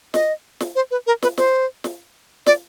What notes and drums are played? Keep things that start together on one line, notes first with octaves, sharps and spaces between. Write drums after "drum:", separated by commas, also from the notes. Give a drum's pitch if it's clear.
D#5, drum: snare
drum: snare
C5
B4
A#4
B4, drum: snare
C5, drum: snare
drum: snare
D5, drum: snare